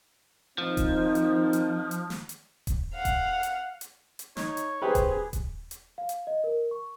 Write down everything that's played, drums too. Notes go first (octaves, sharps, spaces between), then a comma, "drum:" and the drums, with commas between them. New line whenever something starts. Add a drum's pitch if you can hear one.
D#3 F3 C4 D#4
drum: kick D#1, hi-hat
drum: hi-hat
drum: hi-hat
drum: hi-hat
drum: snare
drum: hi-hat
drum: kick D#1, hi-hat
F5 F#5
drum: kick D#1, hi-hat
drum: hi-hat
drum: hi-hat
drum: hi-hat
D#4 C#5, drum: snare
drum: hi-hat
G4 G#4 B4 C5
drum: kick D#1, hi-hat
drum: kick D#1, hi-hat
drum: hi-hat
F5
drum: hi-hat
D#5
A#4
C#6